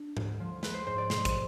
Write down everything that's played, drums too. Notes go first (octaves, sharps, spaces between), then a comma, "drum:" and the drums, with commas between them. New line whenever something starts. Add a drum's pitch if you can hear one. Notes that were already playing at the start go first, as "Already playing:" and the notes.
Already playing: D4
D2, drum: tom G#2
F3
F3 B4, drum: snare
C5
G#2 C5
D5
B2 C5, drum: snare
drum: kick, hi-hat